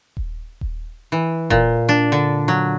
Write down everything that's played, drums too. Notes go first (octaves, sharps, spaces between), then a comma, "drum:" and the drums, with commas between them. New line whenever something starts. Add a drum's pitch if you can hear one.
drum: kick D#1
drum: kick D#1
E3
A#2, drum: kick D#1
D4
D3
F#3